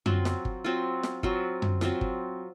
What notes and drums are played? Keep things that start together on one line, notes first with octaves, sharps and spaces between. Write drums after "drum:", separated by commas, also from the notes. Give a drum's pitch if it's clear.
F#3 C4 F4, drum: tom F#2
drum: snare
drum: kick G1
F#3 C4 F4
drum: snare
F#3 C4 F4, drum: kick G1
drum: tom F#2
F#3 C4 F4, drum: snare
drum: kick G1